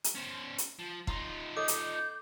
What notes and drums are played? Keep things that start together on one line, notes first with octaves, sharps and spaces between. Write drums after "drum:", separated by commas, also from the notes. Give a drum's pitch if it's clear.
drum: hi-hat
C#4 C5
drum: hi-hat
F3
D#4 F4 A#5 C6, drum: kick
A4 D#5 D6 D#6 G6
drum: hi-hat